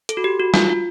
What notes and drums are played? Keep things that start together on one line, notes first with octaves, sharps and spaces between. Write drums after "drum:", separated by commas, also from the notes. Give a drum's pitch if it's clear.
A4, drum: hi-hat
F#4
G4
F#4
F4, drum: snare
F4